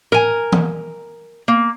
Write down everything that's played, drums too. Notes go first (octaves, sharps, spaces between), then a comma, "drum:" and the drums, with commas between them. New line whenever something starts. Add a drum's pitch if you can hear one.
A#4 G#5, drum: tom
drum: tom E3
A#3